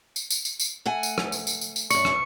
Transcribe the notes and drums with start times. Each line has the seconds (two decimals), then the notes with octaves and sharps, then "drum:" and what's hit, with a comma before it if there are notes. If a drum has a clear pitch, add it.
0.16 drum: tambourine
0.30 drum: tambourine
0.45 drum: tambourine
0.60 drum: tambourine
0.86 A3 F#5 G#5
1.03 drum: tambourine
1.18 drum: rim click
1.32 drum: tambourine
1.47 drum: tambourine
1.61 drum: tambourine
1.76 drum: tambourine
1.90 F#2 D5 C#6 C#7, drum: tambourine
2.05 drum: rim click